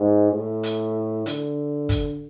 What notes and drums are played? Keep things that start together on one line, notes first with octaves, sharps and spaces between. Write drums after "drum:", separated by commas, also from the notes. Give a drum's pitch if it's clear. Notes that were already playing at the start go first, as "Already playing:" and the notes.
Already playing: G#2
A2
drum: hi-hat
D3, drum: hi-hat
drum: kick, hi-hat